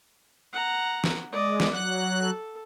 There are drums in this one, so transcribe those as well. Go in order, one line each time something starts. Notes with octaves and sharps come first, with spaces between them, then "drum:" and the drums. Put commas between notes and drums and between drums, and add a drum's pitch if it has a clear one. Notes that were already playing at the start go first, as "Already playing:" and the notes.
F#5 A#5
drum: snare
G#3 D5 D#5
drum: snare
F#3 F#5 F#6
A4